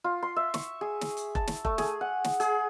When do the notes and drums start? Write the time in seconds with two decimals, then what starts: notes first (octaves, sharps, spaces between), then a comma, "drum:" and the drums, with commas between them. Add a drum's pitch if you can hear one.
0.04 F4
0.23 C6
0.36 E5
0.54 C#6, drum: snare
0.81 G#4
1.01 drum: snare
1.17 drum: hi-hat
1.35 A5, drum: kick F1
1.47 drum: snare
1.65 A3, drum: kick F1
1.78 G#4, drum: snare
2.01 F#5
2.24 drum: snare
2.40 G#4, drum: hi-hat